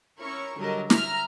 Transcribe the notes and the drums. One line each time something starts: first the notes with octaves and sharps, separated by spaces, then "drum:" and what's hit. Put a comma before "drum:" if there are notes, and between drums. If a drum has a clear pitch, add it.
C#4 E4 A#4 C#5 C#6
D3 F#3 G3 A#4 D#5 A5
E5 A#5 F6, drum: snare